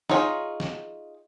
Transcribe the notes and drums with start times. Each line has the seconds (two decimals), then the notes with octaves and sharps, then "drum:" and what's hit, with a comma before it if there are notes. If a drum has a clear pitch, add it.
0.10 D#4 F4 G#4 C#5, drum: snare
0.60 drum: snare